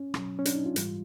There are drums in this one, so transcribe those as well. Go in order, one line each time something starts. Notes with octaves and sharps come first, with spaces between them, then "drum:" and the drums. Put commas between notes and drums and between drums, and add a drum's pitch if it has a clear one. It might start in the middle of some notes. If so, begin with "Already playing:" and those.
Already playing: C#4
B2 F#3, drum: rim click
C#4
D4, drum: hi-hat
D#4
F4
G#2 E3 G3, drum: hi-hat